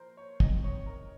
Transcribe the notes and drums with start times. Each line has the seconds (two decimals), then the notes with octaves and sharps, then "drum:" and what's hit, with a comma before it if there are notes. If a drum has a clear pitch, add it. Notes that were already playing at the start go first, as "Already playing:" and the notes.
Already playing: A#2 F3 A#4 C5
0.17 C#5
0.40 C3 D#3 G#3 D#5, drum: kick
0.64 C#5
0.86 A#4